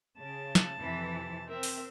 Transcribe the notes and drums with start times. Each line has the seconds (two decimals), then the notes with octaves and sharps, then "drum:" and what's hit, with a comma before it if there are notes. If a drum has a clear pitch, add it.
0.18 C#3 A5
0.55 drum: snare
0.80 F2 C3 E3
1.48 C4 A#4 E5
1.63 drum: open hi-hat